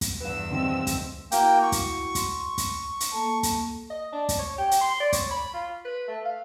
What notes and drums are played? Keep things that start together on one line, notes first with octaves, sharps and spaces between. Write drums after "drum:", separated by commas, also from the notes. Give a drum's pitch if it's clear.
drum: kick, hi-hat
E2 G2 B4 F#5 E6
D#1 C4 D#5
drum: kick, hi-hat
A#3 E4 F#4 F#5 G5, drum: hi-hat
C#6
drum: kick, hi-hat
C6, drum: kick, hi-hat
drum: kick, hi-hat
drum: hi-hat
A#3 A4 A5
drum: kick, hi-hat
D#5
D4
drum: kick, hi-hat
C#5
G4
drum: hi-hat
C6
D5
C#5, drum: kick, hi-hat
B5
F4
B4
A3
F5